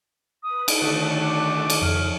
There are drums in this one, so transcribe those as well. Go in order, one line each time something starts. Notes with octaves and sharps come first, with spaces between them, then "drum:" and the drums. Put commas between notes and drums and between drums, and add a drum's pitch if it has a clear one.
B4 D#6
drum: cymbal
D3 D#3 A3 F#4
D6
drum: cymbal
F2 C#3 F6